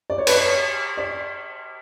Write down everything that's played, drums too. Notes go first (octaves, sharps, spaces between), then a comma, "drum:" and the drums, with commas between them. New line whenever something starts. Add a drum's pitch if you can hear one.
D5
C#5
B4, drum: cymbal
C#5
D5